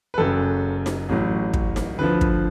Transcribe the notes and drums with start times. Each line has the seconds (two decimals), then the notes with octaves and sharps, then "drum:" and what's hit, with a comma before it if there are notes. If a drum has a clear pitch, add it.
0.14 B4
0.18 F#1 F#2 C#3 A4
0.86 drum: snare D#4
1.09 A1 A2 F#3
1.54 drum: kick
1.76 drum: snare D#4
1.98 D2 D3 F3 B4
2.21 drum: kick